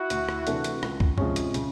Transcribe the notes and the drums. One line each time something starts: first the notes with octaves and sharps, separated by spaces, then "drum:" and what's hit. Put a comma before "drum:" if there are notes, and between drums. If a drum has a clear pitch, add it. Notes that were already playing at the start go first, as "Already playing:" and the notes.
Already playing: E4 F#4
D2, drum: hi-hat
drum: rim click
C3 E3 A3 D4, drum: hi-hat
drum: hi-hat
C#2, drum: rim click
drum: kick
C3 F3 G#3 C#4, drum: tom
drum: hi-hat
C#3, drum: hi-hat